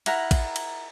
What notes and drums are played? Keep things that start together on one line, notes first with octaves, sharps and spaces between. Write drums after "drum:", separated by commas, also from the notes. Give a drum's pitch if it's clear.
E4 A#4 F#5 A#5, drum: cymbal
drum: kick A1, cymbal
drum: cymbal